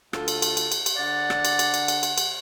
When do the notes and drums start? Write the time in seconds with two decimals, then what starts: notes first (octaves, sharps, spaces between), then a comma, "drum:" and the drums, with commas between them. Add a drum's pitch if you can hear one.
0.13 D2 F4 A4, drum: rim click
0.28 drum: cymbal
0.42 drum: cymbal
0.57 drum: cymbal
0.72 drum: cymbal
0.86 drum: cymbal
0.97 D3 D5 F#5
1.30 drum: rim click
1.45 drum: cymbal
1.59 drum: cymbal
1.74 drum: cymbal
1.88 drum: cymbal
2.03 drum: cymbal
2.18 drum: cymbal